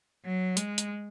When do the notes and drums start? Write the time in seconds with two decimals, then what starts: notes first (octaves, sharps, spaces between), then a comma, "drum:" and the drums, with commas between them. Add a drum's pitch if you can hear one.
0.25 F#3
0.57 G#3, drum: hi-hat
0.78 drum: hi-hat